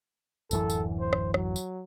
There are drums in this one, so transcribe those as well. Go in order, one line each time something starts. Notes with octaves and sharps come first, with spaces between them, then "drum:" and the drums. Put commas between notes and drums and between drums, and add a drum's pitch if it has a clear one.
D1 F#2 E3 A4, drum: tambourine
drum: tambourine
C5
drum: rim click
F#3, drum: rim click
drum: tambourine